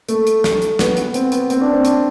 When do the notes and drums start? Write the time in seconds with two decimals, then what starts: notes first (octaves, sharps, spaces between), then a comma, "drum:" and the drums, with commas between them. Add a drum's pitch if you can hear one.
0.09 A3, drum: hi-hat
0.27 drum: hi-hat
0.44 drum: snare
0.62 drum: hi-hat
0.79 B3, drum: snare
0.97 B3, drum: hi-hat
1.14 C4, drum: hi-hat
1.32 B3, drum: hi-hat
1.50 C4, drum: hi-hat
1.61 D4
1.73 C4
1.85 D4, drum: hi-hat